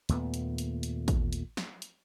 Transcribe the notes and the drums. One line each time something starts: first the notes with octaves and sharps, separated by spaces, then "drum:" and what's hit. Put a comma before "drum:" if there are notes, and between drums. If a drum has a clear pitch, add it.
D#2 A#2 A3 B3, drum: hi-hat
drum: hi-hat
drum: hi-hat
drum: hi-hat
drum: kick A1, hi-hat
drum: hi-hat
drum: snare
drum: hi-hat